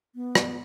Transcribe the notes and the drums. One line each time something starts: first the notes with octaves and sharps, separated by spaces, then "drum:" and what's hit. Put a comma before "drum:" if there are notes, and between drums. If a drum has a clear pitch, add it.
B3
drum: rim click